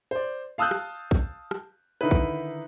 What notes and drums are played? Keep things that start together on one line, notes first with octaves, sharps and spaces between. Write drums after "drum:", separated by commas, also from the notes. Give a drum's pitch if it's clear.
C5 D5
F5 A5 D#6 E6 F#6 G6
drum: rim click
drum: kick
drum: rim click
D3 D#3 D#4 E4 B4
drum: kick